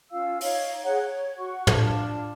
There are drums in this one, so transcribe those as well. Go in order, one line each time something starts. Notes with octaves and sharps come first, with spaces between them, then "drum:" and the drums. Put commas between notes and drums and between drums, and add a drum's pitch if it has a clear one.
C#4 F4 F5 E6
D#4 C#5 F5, drum: open hi-hat
G#4 C#5 F#5 A#5
C#5
F#4 F#5 C#6
D4 F4 A5, drum: tom